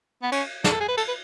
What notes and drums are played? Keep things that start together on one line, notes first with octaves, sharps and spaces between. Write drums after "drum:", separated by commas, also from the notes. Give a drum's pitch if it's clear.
B3
C#4, drum: cymbal
D4, drum: snare
A4
G#4
B4
A4, drum: cymbal
B4